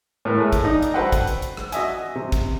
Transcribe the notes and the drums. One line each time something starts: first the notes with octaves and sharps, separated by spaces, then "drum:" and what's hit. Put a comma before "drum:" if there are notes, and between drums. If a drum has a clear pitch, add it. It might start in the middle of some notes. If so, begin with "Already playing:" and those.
A2 A#4 B4
G#3 A3 G#5
drum: kick, hi-hat
D4 D#4 D#5
drum: hi-hat
F#4 A4 B4 C5 F#5 G5
drum: kick, hi-hat
drum: hi-hat
drum: hi-hat
drum: rim click
F#4 D#5 E5 G#5, drum: hi-hat
C3
drum: kick, hi-hat